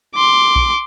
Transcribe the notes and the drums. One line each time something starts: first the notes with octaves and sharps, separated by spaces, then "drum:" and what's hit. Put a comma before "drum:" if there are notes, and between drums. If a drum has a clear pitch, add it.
C6 D6
drum: kick A#1